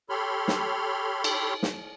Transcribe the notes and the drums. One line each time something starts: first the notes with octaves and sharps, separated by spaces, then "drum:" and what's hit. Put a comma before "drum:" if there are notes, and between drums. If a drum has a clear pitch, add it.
G4 A4 C#5 B5 C6 F6
drum: snare
drum: cymbal
drum: snare